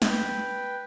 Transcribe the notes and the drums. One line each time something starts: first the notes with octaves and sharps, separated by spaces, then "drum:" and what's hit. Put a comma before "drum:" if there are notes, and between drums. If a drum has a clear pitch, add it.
B4 G5, drum: snare